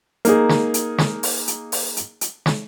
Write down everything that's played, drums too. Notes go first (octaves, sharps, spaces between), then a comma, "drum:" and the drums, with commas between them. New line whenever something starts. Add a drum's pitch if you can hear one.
A#3 D#4 G#4, drum: hi-hat
drum: snare
drum: hi-hat
drum: snare
drum: open hi-hat
drum: hi-hat
drum: open hi-hat
drum: hi-hat
drum: hi-hat
drum: snare